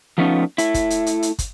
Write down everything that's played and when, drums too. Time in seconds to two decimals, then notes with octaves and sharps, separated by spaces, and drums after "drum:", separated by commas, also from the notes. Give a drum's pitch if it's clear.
0.18 F3 A3 B3 C#4 D#4 F4
0.58 A3 E4, drum: hi-hat
0.74 drum: kick, hi-hat
0.90 drum: hi-hat
1.06 drum: hi-hat
1.23 drum: hi-hat
1.39 drum: kick, hi-hat